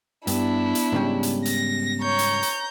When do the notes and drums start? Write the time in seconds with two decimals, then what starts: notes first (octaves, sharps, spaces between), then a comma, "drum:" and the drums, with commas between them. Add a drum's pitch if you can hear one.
0.27 G2 B3 D4 E4, drum: hi-hat
0.75 drum: hi-hat
0.92 G#2 C#3 G3
1.23 drum: hi-hat
1.45 A#6, drum: hi-hat
2.02 C#5 A#5 G6
2.19 drum: hi-hat
2.43 drum: hi-hat